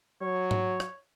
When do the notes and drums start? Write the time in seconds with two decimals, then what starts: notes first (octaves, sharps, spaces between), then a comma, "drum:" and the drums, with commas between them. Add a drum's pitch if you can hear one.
0.22 F#3 C#5
0.51 drum: tom G#2
0.80 drum: rim click